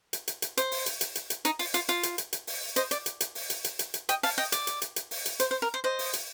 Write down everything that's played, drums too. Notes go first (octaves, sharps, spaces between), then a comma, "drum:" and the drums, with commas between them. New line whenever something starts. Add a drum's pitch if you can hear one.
drum: hi-hat
drum: hi-hat
drum: hi-hat
C5, drum: hi-hat
drum: open hi-hat
drum: hi-hat
drum: hi-hat
drum: hi-hat
drum: hi-hat
D#4, drum: hi-hat
F4, drum: open hi-hat
F4, drum: hi-hat
F4, drum: hi-hat
drum: hi-hat
drum: hi-hat
drum: hi-hat
drum: open hi-hat
C5 D#5, drum: hi-hat
D5, drum: hi-hat
drum: hi-hat
drum: hi-hat
drum: open hi-hat
drum: hi-hat
drum: hi-hat
drum: hi-hat
drum: hi-hat
D#5 G5, drum: hi-hat
F5 A5, drum: open hi-hat
D#5 G5
D5, drum: hi-hat
drum: hi-hat
drum: hi-hat
drum: hi-hat
drum: open hi-hat
drum: hi-hat
C5, drum: hi-hat
C5
A#4
C5
C5 D#5
drum: open hi-hat
drum: hi-hat